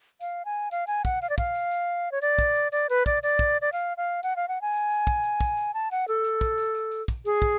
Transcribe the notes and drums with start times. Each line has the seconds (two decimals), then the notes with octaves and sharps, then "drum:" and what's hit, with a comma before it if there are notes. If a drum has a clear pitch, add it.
0.21 F5, drum: tambourine
0.45 G#5
0.71 F5, drum: tambourine
0.87 G#5, drum: tambourine
1.05 F#5, drum: kick, tambourine
1.22 F5, drum: tambourine
1.30 D5
1.38 F5, drum: kick, tambourine
1.55 drum: tambourine
1.71 drum: tambourine
2.12 C#5
2.22 D5, drum: tambourine
2.39 drum: kick, tambourine
2.55 drum: tambourine
2.72 D5, drum: tambourine
2.89 B4, drum: tambourine
3.06 D5, drum: kick, tambourine
3.23 D5, drum: tambourine
3.39 drum: kick
3.62 D5
3.73 F5, drum: tambourine
3.97 F5
4.23 F#5, drum: tambourine
4.36 F5
4.48 F#5
4.61 G#5
4.73 drum: tambourine
4.90 drum: tambourine
5.07 drum: kick, tambourine
5.24 drum: tambourine
5.41 drum: kick, tambourine
5.57 drum: tambourine
5.74 A5
5.91 F#5, drum: tambourine
6.08 A4, drum: tambourine
6.24 drum: tambourine
6.41 drum: kick, tambourine
6.58 drum: tambourine
6.75 drum: tambourine
6.91 drum: tambourine
7.08 drum: kick, tambourine
7.25 G#4, drum: tambourine
7.42 drum: kick